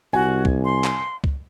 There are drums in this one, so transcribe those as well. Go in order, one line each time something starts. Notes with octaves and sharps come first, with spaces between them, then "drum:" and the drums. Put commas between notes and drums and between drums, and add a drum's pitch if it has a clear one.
C2 F#4 G#5
drum: kick C#2
C6
drum: clap
drum: kick C#2